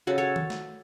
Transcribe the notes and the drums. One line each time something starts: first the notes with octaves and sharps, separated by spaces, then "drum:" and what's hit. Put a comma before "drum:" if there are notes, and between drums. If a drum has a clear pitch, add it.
C#3 F#4 A4
A4 C#5
drum: tom D#3
drum: snare